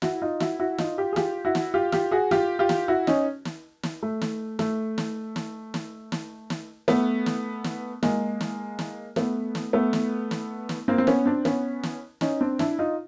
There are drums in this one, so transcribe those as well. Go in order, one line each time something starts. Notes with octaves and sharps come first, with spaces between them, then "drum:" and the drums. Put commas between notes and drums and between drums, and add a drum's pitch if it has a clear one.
E4 F#4, drum: snare
D#4 F4
E4 F#4, drum: snare
E4 F#4
D#4 F4, drum: snare
F4 G4
G#4
F4 G4, drum: snare
E4 F#4
drum: snare
F4 G4
F4 G4, drum: snare
F#4 G#4
F4 G4, drum: snare
F4 G4
drum: snare
E4 F#4
C#4 D#4, drum: snare
drum: snare
drum: snare
A3
drum: snare
A3, drum: snare
drum: snare
drum: snare
drum: snare
drum: snare
drum: snare
A3 B3, drum: snare
drum: snare
drum: snare
G#3 A#3, drum: snare
drum: snare
drum: snare
A3 B3, drum: snare
drum: snare
A3 B3
drum: snare
drum: snare
drum: snare
A#3 C4
C4
B3 C#4, drum: snare
C4 D4
B3 C#4, drum: snare
drum: snare
C#4 D#4, drum: snare
C4 D4
D4 E4, drum: snare
D#4 F4